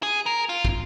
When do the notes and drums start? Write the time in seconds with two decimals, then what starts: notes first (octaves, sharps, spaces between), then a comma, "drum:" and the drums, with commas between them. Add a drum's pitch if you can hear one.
0.03 G#4
0.26 A#4
0.49 F4
0.65 drum: kick